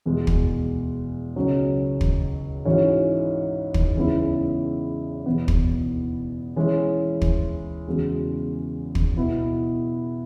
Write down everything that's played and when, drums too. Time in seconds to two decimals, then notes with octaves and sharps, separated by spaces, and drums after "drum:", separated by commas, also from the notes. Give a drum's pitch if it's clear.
0.06 E2 B2 G#3
0.27 drum: kick
1.36 C#2 C#3 F#3 C#4
2.01 drum: kick
2.65 G#2 E3 C#4 F#4 C#5
3.74 drum: kick
3.96 E2 C#3 G#3 B3 E4
5.26 E2 B2 B3
5.48 drum: kick
6.56 E3 G#3 C#4
7.22 drum: kick
7.87 E2 C#3 G#3 B3 F#4
8.95 drum: kick
9.17 B2 B3 E4